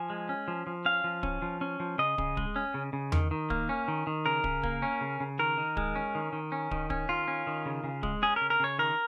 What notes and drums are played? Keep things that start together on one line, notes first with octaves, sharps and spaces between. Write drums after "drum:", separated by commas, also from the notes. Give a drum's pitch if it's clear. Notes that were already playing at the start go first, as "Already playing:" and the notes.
Already playing: F3 G#5
G#3
C#4
F3
F3
C#4 F5
F3
C#4, drum: kick
F3
C#4
F3
C#3 D#5
C#3, drum: kick
G#3, drum: kick
C#4
C#3
C#3
D#3, drum: tom E2
D#3
A#3, drum: kick
C#4
D#3
D#3
C#3 A#4
C#3, drum: kick
A#3, drum: kick
C#4
C#3
C#3
D#3 A#4
D#3
G#3, drum: kick
C#4
D#3
D#3
C#4
D#3, drum: kick
C#4, drum: kick
D#3 F4
C#4
D#3
C#3
C#3
G#3, drum: kick
C#4 G#4
C#3 A#4
A#4
C#3 C#5
D#3 A#4